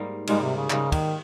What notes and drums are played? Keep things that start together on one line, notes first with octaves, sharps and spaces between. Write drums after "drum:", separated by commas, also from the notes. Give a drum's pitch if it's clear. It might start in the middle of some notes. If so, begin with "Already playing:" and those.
Already playing: G#2 G3 A#3 D#4
G#2 G3 G#3 A#3 D#4, drum: cymbal
C3
C#3
G#2 C#3 G3 A#3 D#4, drum: clap
D#3, drum: kick, cymbal